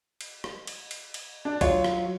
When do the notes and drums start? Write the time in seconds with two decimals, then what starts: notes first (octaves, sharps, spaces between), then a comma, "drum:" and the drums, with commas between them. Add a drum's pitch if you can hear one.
0.21 drum: cymbal
0.44 drum: rim click
0.67 drum: cymbal
0.91 drum: cymbal
1.14 drum: cymbal
1.45 D4
1.61 F#3 F4 C#5, drum: kick B1, cymbal
1.84 drum: rim click